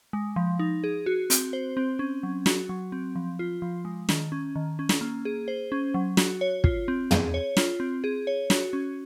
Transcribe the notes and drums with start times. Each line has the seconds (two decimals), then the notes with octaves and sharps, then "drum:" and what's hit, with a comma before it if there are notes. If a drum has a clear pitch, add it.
0.13 G#3
0.36 F3
0.59 D#4
0.84 G#4
1.06 F#4
1.30 C4, drum: hi-hat
1.53 C5
1.77 C4
1.99 C#4
2.23 F#3
2.46 F#4, drum: snare
2.69 F#3
2.92 C4
3.15 F3
3.39 F4
3.62 F3
3.85 G#3
4.09 D#3, drum: snare
4.32 C#4
4.56 D#3
4.79 C#4
4.89 drum: snare
5.01 A#3
5.25 G#4
5.48 C5
5.72 C#4
5.94 F#3
6.17 F#4, drum: snare
6.41 C#5
6.64 F4, drum: kick
6.88 C4
7.11 G#4, drum: tom
7.34 C#5
7.57 F4, drum: snare
7.80 C4
8.04 G#4
8.27 C#5
8.50 F#4, drum: snare
8.73 C#4